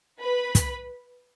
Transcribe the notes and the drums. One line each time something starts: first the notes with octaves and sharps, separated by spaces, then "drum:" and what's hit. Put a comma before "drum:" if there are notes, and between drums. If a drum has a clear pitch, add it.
B4 B5
drum: kick, hi-hat